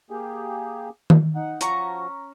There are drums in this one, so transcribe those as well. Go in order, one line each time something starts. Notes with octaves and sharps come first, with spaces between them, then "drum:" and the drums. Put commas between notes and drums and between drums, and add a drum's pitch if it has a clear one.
A#3 G4 G#4
drum: tom D#3
D#4 F#5
F3 C#4 F#4 A#5 C#6, drum: hi-hat